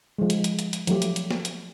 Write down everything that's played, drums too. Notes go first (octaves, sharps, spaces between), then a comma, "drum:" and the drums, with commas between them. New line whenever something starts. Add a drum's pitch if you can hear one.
F3 G#3
drum: hi-hat
drum: hi-hat
drum: hi-hat
drum: hi-hat
F3 F#3 A3 G4, drum: hi-hat
drum: hi-hat
drum: hi-hat
drum: snare
drum: hi-hat